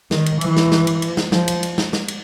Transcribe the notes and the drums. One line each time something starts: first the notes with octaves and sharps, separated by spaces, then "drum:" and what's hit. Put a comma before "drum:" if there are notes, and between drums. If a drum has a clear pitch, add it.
D#3, drum: snare
drum: cymbal
E3, drum: cymbal
drum: snare
drum: snare
drum: cymbal
drum: cymbal
drum: snare
F3, drum: snare
drum: cymbal
drum: cymbal
drum: snare
drum: snare
drum: cymbal